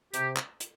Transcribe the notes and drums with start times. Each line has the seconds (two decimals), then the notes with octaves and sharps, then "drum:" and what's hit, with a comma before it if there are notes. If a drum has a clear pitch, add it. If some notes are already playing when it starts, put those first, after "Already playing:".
0.14 C3 G4, drum: hi-hat
0.37 drum: clap
0.60 drum: hi-hat